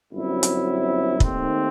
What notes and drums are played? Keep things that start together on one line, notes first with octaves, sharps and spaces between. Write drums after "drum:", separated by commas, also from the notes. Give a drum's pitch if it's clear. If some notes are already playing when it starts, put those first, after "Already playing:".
G1 F#2 F#3 C4 E4
drum: hi-hat
D#2 D#3 A3 C4, drum: kick